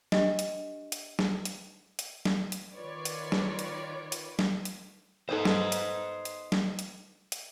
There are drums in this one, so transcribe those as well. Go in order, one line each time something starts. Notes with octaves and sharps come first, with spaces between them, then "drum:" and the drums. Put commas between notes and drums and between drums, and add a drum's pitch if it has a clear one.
D4 G4 D#5, drum: snare
drum: hi-hat
drum: hi-hat
drum: snare
drum: hi-hat
drum: hi-hat
drum: snare
drum: hi-hat
D#3 F4 B4 C#5 D5
drum: hi-hat
drum: snare
drum: hi-hat
drum: hi-hat
drum: snare
drum: hi-hat
B3 D#4 A4 C5 D#5
drum: snare
drum: hi-hat
drum: hi-hat
drum: snare
drum: hi-hat
drum: hi-hat